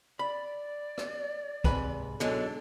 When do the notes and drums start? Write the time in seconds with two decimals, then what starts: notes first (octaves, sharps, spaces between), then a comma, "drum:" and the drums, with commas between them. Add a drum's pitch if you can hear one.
0.19 D5 B5
0.98 drum: rim click
1.64 G#2 C3 B4, drum: kick
2.20 G#2 B2 D3 F#3 G#3 A4